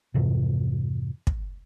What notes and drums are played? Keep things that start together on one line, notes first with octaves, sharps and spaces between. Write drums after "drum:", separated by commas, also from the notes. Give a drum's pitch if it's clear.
F2 G#2 C3 E3
drum: kick